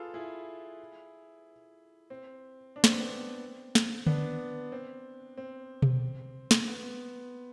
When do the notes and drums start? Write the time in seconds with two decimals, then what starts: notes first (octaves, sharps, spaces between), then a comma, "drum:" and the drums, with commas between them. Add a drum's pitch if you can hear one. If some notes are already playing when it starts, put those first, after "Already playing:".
Already playing: F4 G#4 A4 B4
0.14 E4 G#4
2.10 C4
2.76 D4
2.84 C4, drum: snare
2.92 B3
3.00 C4
3.75 drum: snare
4.07 B3 D4, drum: tom D3
4.72 C4
5.38 C4
5.82 drum: tom B2
6.51 drum: snare
6.68 B3